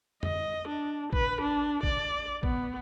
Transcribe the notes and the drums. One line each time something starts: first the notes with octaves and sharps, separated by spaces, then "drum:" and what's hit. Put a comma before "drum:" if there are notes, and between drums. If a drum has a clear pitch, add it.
D#5, drum: tom
D4
B4, drum: kick A1
D4
D5, drum: kick A1
B3, drum: kick A1